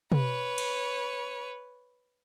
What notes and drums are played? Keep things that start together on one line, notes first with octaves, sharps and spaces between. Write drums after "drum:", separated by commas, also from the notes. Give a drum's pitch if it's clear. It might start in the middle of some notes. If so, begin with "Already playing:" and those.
B4 C#5, drum: tom
drum: cymbal